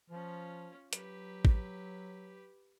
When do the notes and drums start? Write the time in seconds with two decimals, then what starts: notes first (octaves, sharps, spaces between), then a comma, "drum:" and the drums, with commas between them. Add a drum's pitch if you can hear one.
0.10 F3 C#4 F4
0.93 F#3 G4 B4, drum: hi-hat
1.45 drum: kick A1